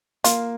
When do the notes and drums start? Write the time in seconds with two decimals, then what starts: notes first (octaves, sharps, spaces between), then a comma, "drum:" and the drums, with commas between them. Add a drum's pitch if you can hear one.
0.24 A#3 F4, drum: hi-hat